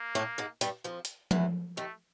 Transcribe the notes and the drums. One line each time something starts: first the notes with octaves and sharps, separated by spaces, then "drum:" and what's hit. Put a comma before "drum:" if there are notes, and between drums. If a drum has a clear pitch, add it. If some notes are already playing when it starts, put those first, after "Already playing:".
Already playing: A#3
A2 A3
G#2 G#3
G2 G3, drum: hi-hat
F2 F3
drum: hi-hat
E2 E3, drum: tom F3
D#2 D#3 A3